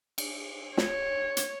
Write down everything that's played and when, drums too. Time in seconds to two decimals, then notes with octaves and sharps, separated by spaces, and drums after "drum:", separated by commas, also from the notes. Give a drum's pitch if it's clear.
0.18 drum: cymbal
0.77 C#5, drum: snare
1.37 drum: hi-hat